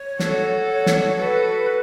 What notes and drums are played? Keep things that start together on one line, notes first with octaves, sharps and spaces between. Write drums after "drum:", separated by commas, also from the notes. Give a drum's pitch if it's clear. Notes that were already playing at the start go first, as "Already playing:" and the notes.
Already playing: C#5
F#4 A4, drum: snare
C#5
drum: snare
F#4 A4 B4